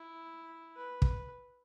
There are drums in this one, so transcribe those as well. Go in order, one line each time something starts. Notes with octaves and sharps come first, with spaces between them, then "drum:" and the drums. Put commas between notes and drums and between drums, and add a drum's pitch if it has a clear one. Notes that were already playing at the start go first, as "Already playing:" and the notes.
Already playing: E4
B4
drum: kick